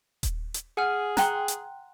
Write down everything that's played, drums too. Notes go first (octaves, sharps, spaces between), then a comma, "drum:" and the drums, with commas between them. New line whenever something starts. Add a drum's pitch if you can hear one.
drum: kick D#1, hi-hat
drum: hi-hat
G#4 F#5 G#5 F6
G5 A#5 C6 F#6, drum: snare
drum: hi-hat